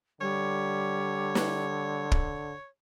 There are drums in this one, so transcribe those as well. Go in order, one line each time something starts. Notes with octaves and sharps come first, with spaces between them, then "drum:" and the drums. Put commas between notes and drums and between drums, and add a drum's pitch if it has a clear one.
D3 G3 C#5
drum: snare
drum: kick